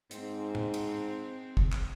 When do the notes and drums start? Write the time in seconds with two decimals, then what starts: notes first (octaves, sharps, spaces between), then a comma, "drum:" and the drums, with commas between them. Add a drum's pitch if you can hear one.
0.11 G#2 C4, drum: hi-hat
0.55 drum: tom A2
0.74 drum: cymbal
1.57 drum: kick
1.73 drum: clap